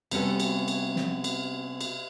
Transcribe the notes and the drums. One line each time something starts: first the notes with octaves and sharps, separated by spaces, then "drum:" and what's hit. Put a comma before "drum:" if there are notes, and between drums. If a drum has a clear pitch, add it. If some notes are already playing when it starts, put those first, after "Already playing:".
C3 G3 B3 C#4 F#4 A4, drum: cymbal
drum: cymbal
drum: cymbal
drum: snare
drum: cymbal
drum: cymbal